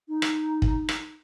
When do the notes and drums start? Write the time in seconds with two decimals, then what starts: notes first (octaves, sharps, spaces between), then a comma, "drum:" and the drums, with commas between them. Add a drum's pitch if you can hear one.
0.09 D#4
0.22 drum: rim click
0.62 drum: kick
0.89 drum: rim click